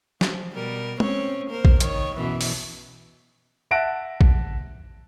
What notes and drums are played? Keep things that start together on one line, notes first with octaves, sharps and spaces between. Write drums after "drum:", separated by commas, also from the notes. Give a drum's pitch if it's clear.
F3, drum: snare
B2 G3 A#4
C4 C#4 C#5, drum: tom
A#3 A#4 C5
drum: kick
D#3 C#5, drum: hi-hat
F#2 B2 E3
drum: open hi-hat
E5 F#5 A5 F#6 A#6 D7
drum: kick